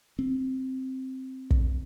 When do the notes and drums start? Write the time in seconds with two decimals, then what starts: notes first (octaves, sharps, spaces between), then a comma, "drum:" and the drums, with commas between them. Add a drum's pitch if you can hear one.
0.19 C4
1.51 drum: kick